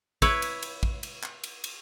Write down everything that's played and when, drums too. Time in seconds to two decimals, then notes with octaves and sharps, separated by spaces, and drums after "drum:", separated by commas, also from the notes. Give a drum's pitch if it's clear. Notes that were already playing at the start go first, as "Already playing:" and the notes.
0.22 E4 B4 C#5, drum: kick, cymbal
0.42 drum: cymbal
0.63 drum: cymbal
0.83 drum: kick
1.03 drum: cymbal
1.23 drum: clap
1.44 drum: cymbal
1.64 drum: cymbal